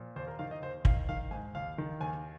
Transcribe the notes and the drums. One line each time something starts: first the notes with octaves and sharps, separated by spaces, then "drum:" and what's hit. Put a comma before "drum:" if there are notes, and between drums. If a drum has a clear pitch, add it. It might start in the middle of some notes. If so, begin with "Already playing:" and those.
Already playing: A#2 F3
D#2 C5
A#4
D#3 F5
D#5
D#2 C5
D#3 F5, drum: kick
D#3 F5
G#2 G#5
D#2 F5
D#3
D#2 G#5